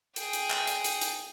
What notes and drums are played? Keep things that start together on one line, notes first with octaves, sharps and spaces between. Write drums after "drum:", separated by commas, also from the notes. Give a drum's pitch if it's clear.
G#4 G5, drum: hi-hat
drum: hi-hat
drum: clap
drum: hi-hat
drum: hi-hat
drum: hi-hat